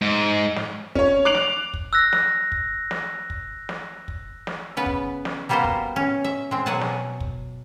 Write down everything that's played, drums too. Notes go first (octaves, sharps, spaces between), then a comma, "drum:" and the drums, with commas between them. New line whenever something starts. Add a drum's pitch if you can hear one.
G#2
drum: snare
C#4 C#5, drum: kick
D6 F#6 C7 D7 F7 F#7
drum: snare
drum: kick
E6 F#6 A#6
drum: snare
drum: kick
drum: snare
drum: kick
drum: snare
drum: kick
drum: snare
C#3 B3 B4
drum: kick
drum: snare
G3 A#3 B3 F#4 A#4 C5
drum: kick
C#4
E5
G#3 C4
B2 F#3 G#4 F#5 G#5 A5
drum: snare
drum: kick